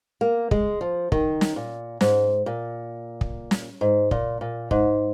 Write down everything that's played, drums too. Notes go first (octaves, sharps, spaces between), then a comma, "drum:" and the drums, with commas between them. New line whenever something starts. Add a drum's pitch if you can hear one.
A#3
G#3, drum: kick
F3
D#3, drum: kick
drum: snare
A#2
G#2, drum: snare
A#2
drum: kick
drum: snare
G#2
A#2, drum: kick
A#2
G#2, drum: kick